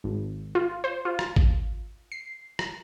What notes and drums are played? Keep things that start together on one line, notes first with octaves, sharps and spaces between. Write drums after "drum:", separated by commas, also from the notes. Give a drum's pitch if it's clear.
G#1
F4
C5
F4
drum: rim click
drum: kick G#1
C7
drum: rim click